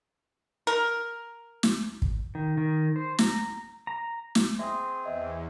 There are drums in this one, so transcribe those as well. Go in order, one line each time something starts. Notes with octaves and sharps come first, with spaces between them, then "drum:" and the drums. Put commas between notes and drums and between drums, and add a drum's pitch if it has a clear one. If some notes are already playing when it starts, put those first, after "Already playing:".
A#4
drum: snare
drum: kick
D#3
D#3
C5
A#5, drum: snare
A#5
drum: snare
C4 G#4 E5 C6 D6 D#6
E2 D#5 E5 G#5